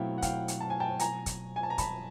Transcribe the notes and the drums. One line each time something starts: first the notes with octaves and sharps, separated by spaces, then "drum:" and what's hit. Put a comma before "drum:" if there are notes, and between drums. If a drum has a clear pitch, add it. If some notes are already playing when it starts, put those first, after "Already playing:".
Already playing: B2 F#3 A3 C4 E4 F5 G5
F#5
F5 G5, drum: kick, hi-hat
drum: hi-hat
A5
G#5
G5 A5
G#5 A#5, drum: hi-hat
drum: kick, hi-hat
G#5
A5
A#5
A5 B5, drum: kick, hi-hat